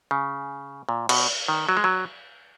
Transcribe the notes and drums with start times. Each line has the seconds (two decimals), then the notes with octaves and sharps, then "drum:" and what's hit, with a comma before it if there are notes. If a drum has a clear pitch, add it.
0.11 C#3
0.89 A#2
1.09 B2, drum: cymbal
1.48 D#3
1.69 F#3
1.77 G#3
1.84 F#3